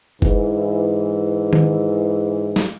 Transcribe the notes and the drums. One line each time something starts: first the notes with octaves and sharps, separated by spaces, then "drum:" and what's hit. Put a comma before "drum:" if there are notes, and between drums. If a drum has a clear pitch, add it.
G#2 E3, drum: kick F#1
drum: tom D#3
drum: snare